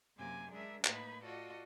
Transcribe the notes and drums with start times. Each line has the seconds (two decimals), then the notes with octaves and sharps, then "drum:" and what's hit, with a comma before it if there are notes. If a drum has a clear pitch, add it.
0.16 F#2 C3 A#3 G#5 D6
0.50 G#3 D4 G#4 A#4 E5
0.85 A2 A#3 D#4 B4 B5 G#6, drum: clap
1.24 F4 F#4 A4 D5 D#5